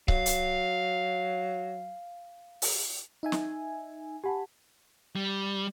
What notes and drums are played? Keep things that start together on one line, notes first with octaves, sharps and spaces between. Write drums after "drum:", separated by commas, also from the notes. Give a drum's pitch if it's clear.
F#3 F5, drum: kick C#1
drum: hi-hat
drum: open hi-hat
D#4 E5 G#5
drum: snare
G4 F#5 G#5 A5 B5
G3